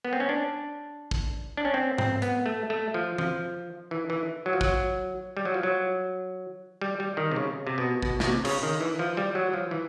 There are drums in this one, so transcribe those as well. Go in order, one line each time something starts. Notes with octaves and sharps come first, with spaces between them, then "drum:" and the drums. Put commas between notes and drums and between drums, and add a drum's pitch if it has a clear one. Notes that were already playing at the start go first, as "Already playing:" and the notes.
B3
C4
C#4
D4
drum: kick
D4
C#4
C4
C4, drum: tom G#2
B3, drum: hi-hat
A3
A3
F3
F3, drum: tom E3
E3
E3
F#3
F3
F#3, drum: kick
G3
F#3
F3
F#3
G3
G3
D#3
C3
C#3
C3
B2
B2, drum: kick
B2, drum: snare
C3
C#3, drum: cymbal
D#3
E3
F3
G3
F#3
F3
E3